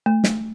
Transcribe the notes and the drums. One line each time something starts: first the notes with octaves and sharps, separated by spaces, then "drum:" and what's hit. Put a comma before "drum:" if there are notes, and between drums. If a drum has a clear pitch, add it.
A3
drum: snare